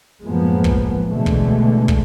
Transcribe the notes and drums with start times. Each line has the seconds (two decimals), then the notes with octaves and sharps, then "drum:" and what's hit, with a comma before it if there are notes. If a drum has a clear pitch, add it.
0.24 F#2 A2 F3 G#3 A#3 B3
0.64 drum: kick
1.11 B2 D3 E3 G#3 A3
1.26 drum: kick
1.88 drum: kick